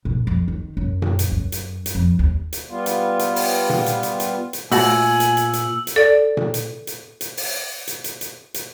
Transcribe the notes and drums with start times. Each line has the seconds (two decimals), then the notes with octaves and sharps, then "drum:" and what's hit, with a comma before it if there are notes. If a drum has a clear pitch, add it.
0.05 A#1
0.27 F2
0.48 D#3
0.77 F#2
1.02 drum: tom A#2
1.19 drum: hi-hat
1.32 F#2
1.52 drum: hi-hat
1.86 drum: hi-hat
1.95 F2
2.19 D#2
2.53 drum: hi-hat
2.69 G3 B3 F4
2.86 drum: hi-hat
3.19 drum: hi-hat
3.36 drum: open hi-hat
3.70 drum: tom A#2
3.86 drum: hi-hat
4.03 drum: hi-hat
4.20 drum: hi-hat
4.53 drum: hi-hat
4.72 A#2 A3 F#4 G#5 A5 E6 C#7 F#7, drum: open hi-hat
5.20 drum: hi-hat
5.37 drum: hi-hat
5.53 drum: hi-hat
5.87 drum: hi-hat
5.96 A4 D5
6.37 drum: tom A#2
6.54 drum: hi-hat
6.87 drum: hi-hat
7.21 drum: hi-hat
7.37 drum: open hi-hat
7.88 drum: hi-hat
8.04 drum: hi-hat
8.21 drum: hi-hat
8.54 drum: hi-hat